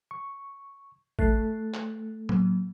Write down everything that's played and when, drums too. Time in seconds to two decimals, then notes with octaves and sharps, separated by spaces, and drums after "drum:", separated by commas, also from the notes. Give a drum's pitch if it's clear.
0.11 C#6
1.19 A3 F#6 A6 C7, drum: kick A1
1.74 drum: clap
2.29 F#3 A#3, drum: tom A2